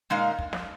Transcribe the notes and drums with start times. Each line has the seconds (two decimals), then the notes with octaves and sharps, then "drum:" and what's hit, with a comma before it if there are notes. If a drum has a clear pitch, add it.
0.10 A#2 G#3 D#4 A#4 F5
0.39 drum: kick
0.53 drum: snare